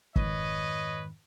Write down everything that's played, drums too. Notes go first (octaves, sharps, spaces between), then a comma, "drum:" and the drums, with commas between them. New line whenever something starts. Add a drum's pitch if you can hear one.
F2 G#2 D#3 B4 C#5 D#5, drum: kick F#1